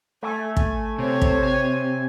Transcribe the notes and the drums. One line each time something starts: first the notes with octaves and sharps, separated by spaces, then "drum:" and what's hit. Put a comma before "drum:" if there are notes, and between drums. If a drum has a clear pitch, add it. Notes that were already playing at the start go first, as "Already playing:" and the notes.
A3 G#5
G#5, drum: kick
C3 C5 C#5
drum: kick
G#5